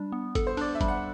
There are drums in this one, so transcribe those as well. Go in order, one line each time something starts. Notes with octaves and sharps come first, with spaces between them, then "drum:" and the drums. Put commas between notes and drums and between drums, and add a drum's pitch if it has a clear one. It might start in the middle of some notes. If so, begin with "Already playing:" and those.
Already playing: G3 D4
B3
A4, drum: kick G1, hi-hat
C5
D4 D5, drum: open hi-hat
E5
G3, drum: kick G1, hi-hat
F#5